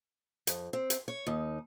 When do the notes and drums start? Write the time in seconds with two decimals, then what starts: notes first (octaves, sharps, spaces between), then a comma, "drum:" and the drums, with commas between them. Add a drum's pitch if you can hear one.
0.47 F2, drum: hi-hat
0.73 C4
0.90 drum: hi-hat
1.08 C#5
1.27 D#2 D#4